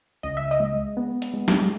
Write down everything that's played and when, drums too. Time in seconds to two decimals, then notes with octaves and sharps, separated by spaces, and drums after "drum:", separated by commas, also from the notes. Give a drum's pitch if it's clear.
0.23 C#2 D#5
0.37 E5
0.51 D#5, drum: tambourine
0.60 G#3
0.97 B3
1.22 drum: hi-hat
1.34 G#3
1.48 drum: snare